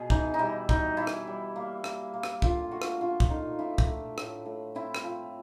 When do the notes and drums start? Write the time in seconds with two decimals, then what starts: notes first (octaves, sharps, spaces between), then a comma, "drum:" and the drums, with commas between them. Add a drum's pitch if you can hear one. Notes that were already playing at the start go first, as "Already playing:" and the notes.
Already playing: B2 B3 G#4
0.10 E3 D#4, drum: kick
0.34 D#4
0.39 G3 E4
0.69 E3 D#4, drum: kick
0.97 E3 E4
1.07 drum: rim click
1.27 G3
1.56 A#3
1.84 A#3, drum: rim click
2.14 A#3
2.23 drum: rim click
2.42 D3 F4, drum: kick
2.71 A3 F#4
2.82 drum: rim click
3.01 D3 F4
3.20 drum: kick
3.30 D3 D#4
3.59 F3 E4
3.78 drum: kick
3.87 A3
4.18 A2, drum: rim click
4.46 A2
4.75 C4 E4
4.95 drum: rim click
5.04 F3